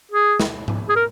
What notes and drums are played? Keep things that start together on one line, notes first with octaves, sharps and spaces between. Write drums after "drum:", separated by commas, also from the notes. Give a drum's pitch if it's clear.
G#4
drum: snare
drum: tom G#2
G#4
A#4